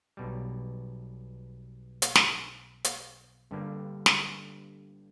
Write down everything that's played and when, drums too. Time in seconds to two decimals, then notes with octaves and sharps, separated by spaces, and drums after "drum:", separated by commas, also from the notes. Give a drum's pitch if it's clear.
0.17 B1 B2 G3
2.02 drum: hi-hat
2.16 drum: snare
2.84 drum: hi-hat
3.51 G1 G2 D3 G3 A#3
4.06 drum: snare